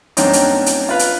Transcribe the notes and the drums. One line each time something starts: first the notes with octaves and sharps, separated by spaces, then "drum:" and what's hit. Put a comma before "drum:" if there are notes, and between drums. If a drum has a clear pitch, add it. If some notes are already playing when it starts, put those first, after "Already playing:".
G2 F#3 A#3 C4 C#4 D#4, drum: hi-hat
drum: hi-hat
drum: hi-hat
F4 B4 F5
drum: hi-hat